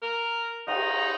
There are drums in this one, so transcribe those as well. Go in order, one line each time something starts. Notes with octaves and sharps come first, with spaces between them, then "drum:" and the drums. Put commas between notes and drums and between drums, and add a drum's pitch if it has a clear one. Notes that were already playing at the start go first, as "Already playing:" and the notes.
A#4
D#4, drum: cymbal